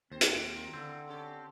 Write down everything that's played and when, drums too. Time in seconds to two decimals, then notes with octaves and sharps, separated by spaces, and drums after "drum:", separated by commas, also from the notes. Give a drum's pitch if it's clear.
0.12 D#2 C4 C5
0.21 drum: hi-hat
0.35 D7
0.54 F4 A#4
0.74 D3 A3 C4 E4
1.08 C#4 G4 A4